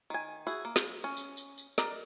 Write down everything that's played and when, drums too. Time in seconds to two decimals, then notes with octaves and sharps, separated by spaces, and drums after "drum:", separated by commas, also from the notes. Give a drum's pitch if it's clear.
0.10 D#3 G#5
0.47 E4 F#4 G#4
0.65 A#3
0.76 drum: snare
1.04 C#4
1.17 drum: tambourine
1.37 drum: tambourine
1.57 drum: tambourine
1.78 A#4 D5 D#5, drum: snare